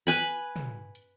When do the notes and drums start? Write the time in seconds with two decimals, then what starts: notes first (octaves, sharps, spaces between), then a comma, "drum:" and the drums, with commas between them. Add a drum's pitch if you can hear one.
0.07 B4 G#5 B5
0.56 drum: tom
0.95 drum: hi-hat